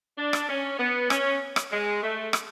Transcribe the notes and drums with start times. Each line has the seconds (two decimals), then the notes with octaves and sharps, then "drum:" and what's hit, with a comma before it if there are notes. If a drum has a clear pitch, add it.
0.17 D4
0.33 drum: rim click
0.49 C#4
0.79 B3
1.10 C#4, drum: rim click
1.56 drum: rim click
1.72 G#3
2.02 A3
2.33 drum: rim click